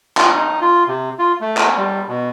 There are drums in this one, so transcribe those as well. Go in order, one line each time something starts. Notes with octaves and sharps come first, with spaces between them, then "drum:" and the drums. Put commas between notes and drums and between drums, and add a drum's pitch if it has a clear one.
F4, drum: clap
D#4
F4
C3
F4
A3
drum: clap
G3
B2